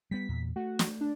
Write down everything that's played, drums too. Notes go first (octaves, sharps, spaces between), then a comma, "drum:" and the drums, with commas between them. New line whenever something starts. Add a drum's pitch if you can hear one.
G3 B3 B6
E2 A#2
A3 F#4
drum: snare
D4